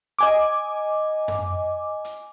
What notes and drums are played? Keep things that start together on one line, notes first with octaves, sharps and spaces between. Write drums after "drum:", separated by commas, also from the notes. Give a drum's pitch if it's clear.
D#5 G#5 D6, drum: hi-hat
drum: tom F#2
drum: hi-hat